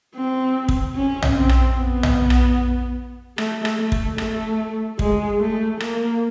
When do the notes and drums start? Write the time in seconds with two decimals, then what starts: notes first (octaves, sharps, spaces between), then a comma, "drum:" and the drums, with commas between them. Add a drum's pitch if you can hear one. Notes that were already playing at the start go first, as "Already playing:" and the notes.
0.15 C4
0.69 drum: kick
0.96 C#4
1.22 drum: tom
1.35 C4
1.49 drum: rim click
1.76 B3
2.03 drum: tom
2.30 drum: rim click
3.38 A3, drum: rim click
3.65 drum: rim click
3.79 A3
3.92 drum: kick
4.18 A3, drum: rim click
4.99 G#3, drum: kick
5.40 A3
5.80 A#3, drum: rim click